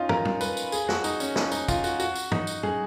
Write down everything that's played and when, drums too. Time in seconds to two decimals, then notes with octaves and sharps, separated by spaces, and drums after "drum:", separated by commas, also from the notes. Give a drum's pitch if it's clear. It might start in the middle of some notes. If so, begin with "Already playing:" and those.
Already playing: C#4 D#4 F4
0.09 A#4, drum: tom
0.25 drum: tom
0.41 B4, drum: tambourine
0.57 drum: tambourine
0.72 G#4, drum: tambourine
0.89 F#4, drum: snare
1.04 D#4, drum: tambourine
1.20 C#4, drum: tambourine
1.36 D#4, drum: snare
1.52 D#4, drum: tambourine
1.69 F4, drum: kick, tambourine
1.84 F#4, drum: tambourine
2.00 F#4, drum: tambourine
2.15 drum: tambourine
2.31 D#4, drum: tom
2.47 drum: tambourine
2.63 G#4, drum: tom